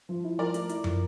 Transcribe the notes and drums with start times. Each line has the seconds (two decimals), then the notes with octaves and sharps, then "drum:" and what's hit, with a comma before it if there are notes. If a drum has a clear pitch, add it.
0.09 F3
0.24 E4
0.38 F3 A#4 D5
0.54 A3, drum: hi-hat
0.69 E4, drum: hi-hat
0.84 F3, drum: tom F#2